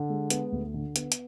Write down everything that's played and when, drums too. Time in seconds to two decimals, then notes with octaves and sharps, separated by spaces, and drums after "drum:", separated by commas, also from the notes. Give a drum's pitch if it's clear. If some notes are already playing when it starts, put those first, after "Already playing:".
Already playing: D3
0.09 G#3
0.30 B3, drum: hi-hat
0.52 D2
0.74 D3
0.96 B3, drum: hi-hat
1.12 drum: hi-hat